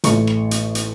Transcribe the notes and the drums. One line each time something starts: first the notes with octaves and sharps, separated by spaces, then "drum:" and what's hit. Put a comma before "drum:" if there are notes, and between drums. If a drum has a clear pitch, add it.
A1 A3 C#6, drum: hi-hat
drum: rim click
drum: hi-hat
drum: hi-hat